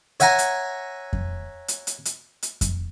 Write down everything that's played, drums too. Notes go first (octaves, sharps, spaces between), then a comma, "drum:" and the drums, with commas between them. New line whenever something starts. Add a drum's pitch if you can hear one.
C#5 E5 F#5 G#5 A#5, drum: hi-hat
drum: hi-hat
drum: kick F2
drum: hi-hat
drum: hi-hat
drum: hi-hat
drum: hi-hat
drum: kick F2, hi-hat